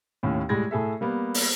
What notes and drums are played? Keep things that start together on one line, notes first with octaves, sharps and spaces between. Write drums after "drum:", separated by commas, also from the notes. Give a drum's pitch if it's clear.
D#2 A2 C#4
A2 G3 G#3 G#6 A#6
A2 G#4 A4 E5
G3 A#3 B3
drum: open hi-hat